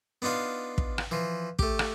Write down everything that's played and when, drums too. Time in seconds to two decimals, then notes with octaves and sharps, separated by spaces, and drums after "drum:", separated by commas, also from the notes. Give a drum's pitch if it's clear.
0.22 B3 D4 D#4 F4 F5
0.78 drum: kick
0.98 drum: rim click
1.11 E3 F3
1.59 A3 G4, drum: kick
1.79 drum: rim click